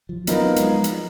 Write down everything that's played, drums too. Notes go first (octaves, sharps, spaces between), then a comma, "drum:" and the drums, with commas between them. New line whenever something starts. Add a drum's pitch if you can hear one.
F3
F3 F#3 B3 D#4 A#4, drum: hi-hat
G#3, drum: hi-hat
drum: hi-hat